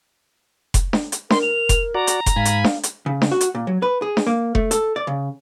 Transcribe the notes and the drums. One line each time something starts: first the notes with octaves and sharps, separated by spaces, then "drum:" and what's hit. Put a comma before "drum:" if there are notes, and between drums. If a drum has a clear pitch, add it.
drum: kick F1, hi-hat
drum: snare D4
drum: hi-hat
A#4 C6, drum: snare D4
F7
drum: kick F1, hi-hat
F#4 D5 A#5
drum: hi-hat
drum: kick F1, hi-hat
G#2 F5 G#5 B5
drum: hi-hat
drum: snare D4
drum: hi-hat
C#3
drum: snare D4
F#4
drum: hi-hat
A#2
F#3
B4
G#4
drum: snare D4
A#3
A3, drum: kick F1
A4, drum: hi-hat
D5
C#3